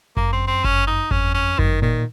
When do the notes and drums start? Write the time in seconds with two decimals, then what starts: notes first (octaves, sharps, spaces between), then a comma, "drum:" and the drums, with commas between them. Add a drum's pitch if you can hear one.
0.17 F#2 A#3, drum: kick G1
0.33 C4
0.48 C4
0.64 C#4, drum: kick G1
0.87 D#4
1.11 F2 C#4, drum: kick G1
1.35 C#4
1.59 F#2 D#3, drum: kick G1
1.82 A#2 D#3